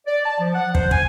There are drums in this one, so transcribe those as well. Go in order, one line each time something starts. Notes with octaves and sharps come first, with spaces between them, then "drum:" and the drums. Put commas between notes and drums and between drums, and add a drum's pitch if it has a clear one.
D5
A5
F3
F#5
C5, drum: kick
G#5, drum: kick